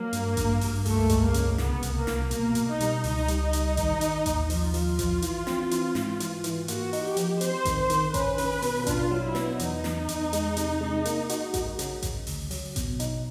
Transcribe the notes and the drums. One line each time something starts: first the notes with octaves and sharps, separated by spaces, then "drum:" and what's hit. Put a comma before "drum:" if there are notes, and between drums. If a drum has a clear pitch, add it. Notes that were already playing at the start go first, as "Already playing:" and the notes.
Already playing: F#3 A#3
G2, drum: hi-hat
G2, drum: kick A1, hi-hat
G2, drum: open hi-hat
C#2 A3, drum: open hi-hat
G#3, drum: kick A1, hi-hat
A#3
C#3, drum: hi-hat
C2 B3, drum: snare
C2, drum: hi-hat
A#3
C2, drum: snare
B2 A#3, drum: hi-hat
B2, drum: hi-hat
D#4
G3, drum: hi-hat
C#2 D#4, drum: open hi-hat
G3, drum: hi-hat
D#4
G3, drum: hi-hat
D#3, drum: kick A1, hi-hat
D#3, drum: hi-hat
D#2, drum: kick A1, hi-hat
F3 F4, drum: open hi-hat
F3, drum: open hi-hat
F3, drum: kick A1, hi-hat
E3, drum: hi-hat
C4, drum: snare
E3, drum: hi-hat
G#2, drum: snare
E3, drum: hi-hat
E3, drum: hi-hat
A#3 F#4, drum: hi-hat
D#4, drum: open hi-hat
G4
F3, drum: hi-hat
C4 C5, drum: hi-hat
D#3, drum: kick A1, hi-hat
C5
D#3, drum: hi-hat
C#4 B4, drum: kick A1, hi-hat
C#4, drum: open hi-hat
B2, drum: open hi-hat
D4 F4, drum: kick A1, hi-hat
F#3
E4
B3, drum: snare
E2 D#4, drum: hi-hat
E2, drum: snare
E2, drum: hi-hat
G#3, drum: hi-hat
C3, drum: hi-hat
G#3
A#3, drum: hi-hat
F#4, drum: hi-hat
F#4, drum: kick A1, hi-hat
C#3, drum: hi-hat
C#3, drum: kick A1, hi-hat
D2, drum: open hi-hat
F#3, drum: open hi-hat
B2, drum: kick A1, hi-hat
D#4, drum: hi-hat